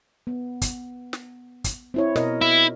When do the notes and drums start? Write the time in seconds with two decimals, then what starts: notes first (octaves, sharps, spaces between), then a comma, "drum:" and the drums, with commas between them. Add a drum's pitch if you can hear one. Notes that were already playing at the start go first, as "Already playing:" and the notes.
0.27 B3
0.62 drum: kick, hi-hat
1.13 drum: snare
1.64 drum: kick, hi-hat
1.94 C4 E4 C#5
2.16 B2 A#4 D#5, drum: snare
2.41 E4